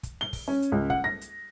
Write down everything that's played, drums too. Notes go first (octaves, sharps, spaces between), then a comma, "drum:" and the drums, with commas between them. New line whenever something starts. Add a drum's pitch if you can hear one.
drum: kick, hi-hat
G7
drum: kick, open hi-hat
C#4
drum: hi-hat
C#2
F#5, drum: kick
A#6
drum: hi-hat